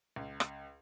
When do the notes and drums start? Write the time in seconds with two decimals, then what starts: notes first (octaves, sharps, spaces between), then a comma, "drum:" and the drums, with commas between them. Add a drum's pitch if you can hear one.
0.16 C#2
0.40 drum: rim click